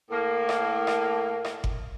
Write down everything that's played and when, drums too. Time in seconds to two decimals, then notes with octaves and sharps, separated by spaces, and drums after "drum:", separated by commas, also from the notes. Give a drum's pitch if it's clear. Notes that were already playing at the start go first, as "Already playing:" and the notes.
0.10 A2 A#3
0.49 drum: rim click
0.87 drum: rim click
1.45 drum: rim click
1.64 drum: kick F#1